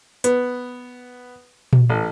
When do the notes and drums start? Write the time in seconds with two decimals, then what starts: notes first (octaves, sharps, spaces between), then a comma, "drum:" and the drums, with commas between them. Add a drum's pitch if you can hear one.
0.24 B3, drum: hi-hat
1.73 drum: tom A#2
1.90 A1